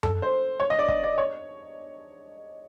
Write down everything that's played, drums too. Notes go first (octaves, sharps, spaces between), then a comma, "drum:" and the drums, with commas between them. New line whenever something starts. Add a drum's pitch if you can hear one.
A4, drum: tom F#2
C5
C#5
D#5
D5
D#5, drum: kick
D5
C#5